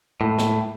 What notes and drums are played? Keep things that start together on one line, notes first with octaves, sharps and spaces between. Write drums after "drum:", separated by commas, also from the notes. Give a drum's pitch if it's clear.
A2
drum: snare